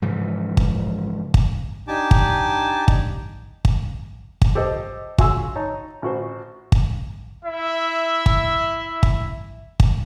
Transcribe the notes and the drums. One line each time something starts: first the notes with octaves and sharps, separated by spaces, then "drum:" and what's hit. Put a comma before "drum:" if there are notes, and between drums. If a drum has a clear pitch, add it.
G#2 C#3 E3 F3
drum: kick
drum: kick
D4 D#4 G4 G#5 A5 D6
drum: kick
drum: kick
drum: kick
drum: kick
G4 A4 C5 D#5
F#4 E5 G#5 C6 E6, drum: kick
D#4 C#5 A5
A1 F#4 C5
drum: kick
E4 E5
drum: kick
drum: kick
drum: kick